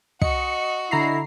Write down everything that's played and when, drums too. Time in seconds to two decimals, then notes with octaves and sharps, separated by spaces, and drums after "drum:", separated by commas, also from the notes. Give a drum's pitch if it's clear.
0.21 F#4 D#5 C#7, drum: kick
0.91 D3 E4 A#5 C7